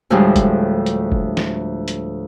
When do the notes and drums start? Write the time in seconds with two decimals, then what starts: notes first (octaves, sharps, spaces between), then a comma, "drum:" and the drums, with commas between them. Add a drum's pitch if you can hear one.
0.10 D2 A2 F3 G3 G#3
0.36 drum: kick, hi-hat
0.86 drum: hi-hat
1.12 drum: kick
1.37 drum: snare
1.88 drum: hi-hat